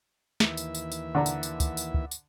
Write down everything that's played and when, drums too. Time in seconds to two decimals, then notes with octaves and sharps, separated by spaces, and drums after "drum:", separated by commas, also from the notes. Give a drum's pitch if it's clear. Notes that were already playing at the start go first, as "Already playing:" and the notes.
0.40 D#2 E3 E5, drum: snare
0.57 drum: tambourine
0.75 drum: tambourine
0.92 drum: tambourine
1.15 D3 D5 A#5
1.26 drum: tambourine
1.43 drum: tambourine
1.60 drum: kick, tambourine
1.77 drum: tambourine
1.94 drum: kick
2.11 drum: tambourine